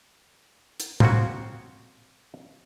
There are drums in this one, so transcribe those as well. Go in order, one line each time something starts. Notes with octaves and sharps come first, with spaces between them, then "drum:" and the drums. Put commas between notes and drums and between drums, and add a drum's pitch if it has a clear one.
drum: hi-hat
F3 A#3 C4 C#4 F4 F#4, drum: tom